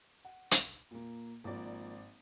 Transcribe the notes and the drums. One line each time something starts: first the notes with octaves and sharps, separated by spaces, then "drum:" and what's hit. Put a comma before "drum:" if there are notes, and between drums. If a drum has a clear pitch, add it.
F#5
drum: hi-hat
A#2 A#3
G#1 F3 A#3 D5